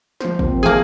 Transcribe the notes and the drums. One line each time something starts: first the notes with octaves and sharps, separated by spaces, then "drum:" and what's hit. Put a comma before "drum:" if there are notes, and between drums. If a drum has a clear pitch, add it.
F3 C5, drum: snare
A#3 C4, drum: kick G#1
E3 A#3 G#4 G#5